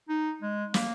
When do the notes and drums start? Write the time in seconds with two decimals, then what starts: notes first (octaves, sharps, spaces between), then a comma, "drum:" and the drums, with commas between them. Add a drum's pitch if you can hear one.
0.09 D#4
0.42 G#3
0.74 A#3, drum: snare